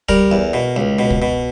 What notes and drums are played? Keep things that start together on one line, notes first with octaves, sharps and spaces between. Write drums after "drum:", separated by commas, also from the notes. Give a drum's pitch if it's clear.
G3 A#4, drum: kick
E2
B2
C#2
B2
drum: kick
B2